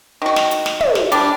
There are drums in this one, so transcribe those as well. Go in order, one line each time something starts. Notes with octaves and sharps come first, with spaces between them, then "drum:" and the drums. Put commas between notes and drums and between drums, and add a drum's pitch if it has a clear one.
D#3 F#4
drum: snare
drum: hi-hat
drum: snare
drum: tom
drum: snare
G3 D4, drum: hi-hat